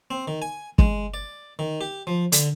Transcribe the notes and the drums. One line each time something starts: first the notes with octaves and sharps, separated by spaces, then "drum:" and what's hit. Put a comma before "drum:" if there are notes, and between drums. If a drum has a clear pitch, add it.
C4
D#3
G#5
G#3, drum: kick
D5
D#3
G4
F3
D3, drum: hi-hat